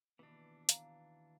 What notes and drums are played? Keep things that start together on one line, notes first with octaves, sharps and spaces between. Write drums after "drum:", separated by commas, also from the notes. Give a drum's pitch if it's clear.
D#2 B2 E3 B3 D4
F5 A#5, drum: hi-hat